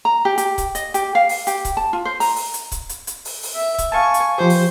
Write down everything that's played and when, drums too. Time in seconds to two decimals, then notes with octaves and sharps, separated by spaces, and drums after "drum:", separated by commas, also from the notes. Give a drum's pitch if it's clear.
0.05 A#5
0.25 G4
0.38 G4, drum: hi-hat
0.58 drum: kick C#1, hi-hat
0.75 D#5, drum: hi-hat
0.94 G4, drum: hi-hat
1.15 F5
1.29 drum: open hi-hat
1.47 G4, drum: hi-hat
1.65 drum: kick C#1, hi-hat
1.77 A5
1.93 F4
2.05 C5
2.20 A#5, drum: open hi-hat
2.36 drum: open hi-hat
2.54 drum: hi-hat
2.72 drum: kick C#1, hi-hat
2.89 drum: hi-hat
3.07 drum: hi-hat
3.25 drum: open hi-hat
3.43 drum: open hi-hat
3.55 E5
3.78 drum: kick C#1, hi-hat
3.92 F5 G#5 A5 C#6
4.14 drum: hi-hat
4.38 F3 G4 C5
4.50 drum: open hi-hat